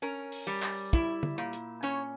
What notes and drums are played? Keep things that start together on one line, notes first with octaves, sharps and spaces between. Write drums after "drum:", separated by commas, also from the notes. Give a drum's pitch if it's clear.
C#4 A#4
drum: open hi-hat
G3
drum: clap
E4, drum: kick, hi-hat
drum: tom
A#2
drum: hi-hat
C#4 C#5, drum: hi-hat